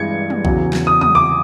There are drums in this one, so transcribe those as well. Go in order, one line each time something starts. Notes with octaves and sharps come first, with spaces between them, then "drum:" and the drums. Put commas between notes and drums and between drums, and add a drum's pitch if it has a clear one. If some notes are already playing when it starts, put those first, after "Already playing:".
Already playing: G2 E3 G#3 G#6 C#7
drum: tom
E2 C#3 F#3, drum: kick A#1
drum: snare
D#6
D#6, drum: tom
D6